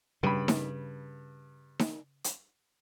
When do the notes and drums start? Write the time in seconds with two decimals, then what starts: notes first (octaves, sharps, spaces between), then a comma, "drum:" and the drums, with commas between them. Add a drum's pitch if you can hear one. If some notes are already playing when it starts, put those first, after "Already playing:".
0.23 G2 C#3 B5
0.48 drum: snare D#4
1.79 drum: snare D#4
2.24 drum: hi-hat